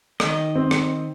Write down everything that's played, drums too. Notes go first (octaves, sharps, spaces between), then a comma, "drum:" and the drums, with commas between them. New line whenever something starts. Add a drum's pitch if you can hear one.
D#3 D#5, drum: rim click
C4
drum: rim click